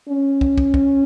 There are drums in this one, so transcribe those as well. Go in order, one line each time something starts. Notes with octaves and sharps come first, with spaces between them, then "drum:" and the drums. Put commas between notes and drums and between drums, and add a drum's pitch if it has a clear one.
C#4
drum: kick
drum: kick
drum: kick